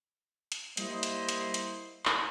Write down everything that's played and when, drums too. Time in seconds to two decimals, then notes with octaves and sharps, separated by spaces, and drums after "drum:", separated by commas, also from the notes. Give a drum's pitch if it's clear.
0.52 drum: hi-hat
0.77 G3 A#3 E4 C5 D#5, drum: hi-hat
1.03 drum: hi-hat
1.29 drum: hi-hat
1.54 drum: hi-hat
2.05 drum: clap